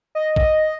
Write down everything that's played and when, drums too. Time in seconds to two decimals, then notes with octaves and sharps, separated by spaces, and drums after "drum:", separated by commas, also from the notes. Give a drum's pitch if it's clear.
0.15 D#5
0.36 drum: kick